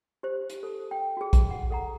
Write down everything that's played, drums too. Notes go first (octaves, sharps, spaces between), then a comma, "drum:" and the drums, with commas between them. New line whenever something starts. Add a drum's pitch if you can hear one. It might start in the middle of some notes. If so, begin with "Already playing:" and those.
G4 C5
drum: hi-hat
A4
G5
F#4 G#4
drum: kick A#1, hi-hat
F#5
A4 F#5 A#5